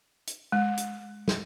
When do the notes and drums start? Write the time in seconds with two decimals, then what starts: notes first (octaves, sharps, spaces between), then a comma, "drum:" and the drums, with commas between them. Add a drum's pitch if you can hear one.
0.27 drum: hi-hat
0.52 G#3
0.77 drum: hi-hat
1.28 drum: snare